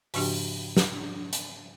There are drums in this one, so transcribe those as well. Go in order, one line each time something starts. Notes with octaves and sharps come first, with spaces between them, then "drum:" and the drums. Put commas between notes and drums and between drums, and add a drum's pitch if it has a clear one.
G#2 C#3 F3 D4 F#4 G4, drum: open hi-hat
drum: snare
drum: hi-hat